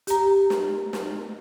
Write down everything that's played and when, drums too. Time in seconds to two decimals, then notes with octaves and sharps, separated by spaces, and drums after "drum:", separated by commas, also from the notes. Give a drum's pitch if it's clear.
0.07 G4 A#5, drum: hi-hat
0.50 drum: snare
0.93 drum: snare